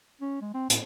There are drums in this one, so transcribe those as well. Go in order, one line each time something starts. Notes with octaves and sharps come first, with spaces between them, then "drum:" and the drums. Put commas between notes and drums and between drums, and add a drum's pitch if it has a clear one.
C#4
G#3
C4
A2, drum: hi-hat